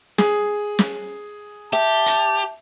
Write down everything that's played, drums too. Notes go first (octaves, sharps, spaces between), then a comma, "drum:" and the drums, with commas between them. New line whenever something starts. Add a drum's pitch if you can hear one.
G#4, drum: snare
drum: snare
G4 E5 A5
drum: hi-hat